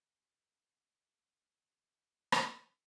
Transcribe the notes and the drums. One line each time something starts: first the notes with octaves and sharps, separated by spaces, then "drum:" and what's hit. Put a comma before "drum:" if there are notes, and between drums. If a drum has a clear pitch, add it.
D#4 G#4 B4
G3 A3 B3
drum: rim click
F#3 C4